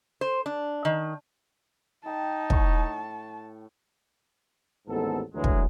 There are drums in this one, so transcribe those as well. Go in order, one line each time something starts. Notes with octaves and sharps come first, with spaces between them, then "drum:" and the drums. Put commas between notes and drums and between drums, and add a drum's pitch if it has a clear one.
C5
D4
D#3
D#4 G5 A5
A2 C#6, drum: kick
A1 D#2 G#2 B3 A4
D2 E3 F#3 G#3
drum: kick